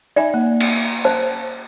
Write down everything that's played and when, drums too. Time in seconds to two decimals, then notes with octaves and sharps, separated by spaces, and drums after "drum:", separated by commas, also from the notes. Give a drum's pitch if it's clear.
0.16 D#4 D5 E5 G#5
0.34 A#3
0.61 drum: cymbal
1.05 C5 A5